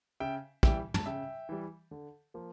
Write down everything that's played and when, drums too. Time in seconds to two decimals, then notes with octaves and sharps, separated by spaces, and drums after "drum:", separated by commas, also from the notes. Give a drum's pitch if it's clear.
0.20 C#3 E5 G5
0.63 E3 G3 E5 G5, drum: kick
0.94 A5, drum: tom
1.06 C#3 E5 G5
1.49 E3 G3
1.91 D3
2.34 F3 A#3